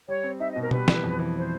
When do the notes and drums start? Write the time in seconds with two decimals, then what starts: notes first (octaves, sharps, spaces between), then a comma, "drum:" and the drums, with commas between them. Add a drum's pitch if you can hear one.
0.08 G3 C#5
0.24 C4
0.40 D#4 E5
0.51 D#5
0.56 B2
0.61 A#4
0.71 G3 B4, drum: tom
0.88 E3, drum: snare
1.04 F2
1.19 E3
1.35 C5